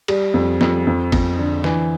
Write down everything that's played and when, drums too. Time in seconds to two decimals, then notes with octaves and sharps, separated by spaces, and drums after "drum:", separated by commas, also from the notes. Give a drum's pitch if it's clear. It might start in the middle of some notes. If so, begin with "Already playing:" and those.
0.08 G3, drum: cymbal
0.34 F2
0.61 F2, drum: snare
0.87 F2
1.12 F2, drum: kick G#1, cymbal
1.38 D3
1.64 E3, drum: snare